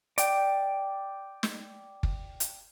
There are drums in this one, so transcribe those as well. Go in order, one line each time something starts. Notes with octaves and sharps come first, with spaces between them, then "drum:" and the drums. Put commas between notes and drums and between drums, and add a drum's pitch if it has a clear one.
D5 G5, drum: hi-hat
drum: snare
drum: kick
drum: hi-hat